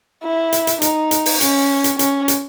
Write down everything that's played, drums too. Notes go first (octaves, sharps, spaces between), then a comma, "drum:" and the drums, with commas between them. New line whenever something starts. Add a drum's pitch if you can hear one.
E4
drum: hi-hat
drum: hi-hat
D#4, drum: hi-hat
drum: hi-hat
drum: open hi-hat
C#4, drum: hi-hat
drum: hi-hat
C#4, drum: hi-hat
drum: hi-hat